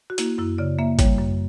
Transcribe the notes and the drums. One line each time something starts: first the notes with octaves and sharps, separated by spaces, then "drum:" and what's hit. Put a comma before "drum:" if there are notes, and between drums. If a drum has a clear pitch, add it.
F#4
A#3 E4, drum: hi-hat
F#2 E4
C#3 D5
A#3 E5
G3 C#5, drum: kick, hi-hat
F#2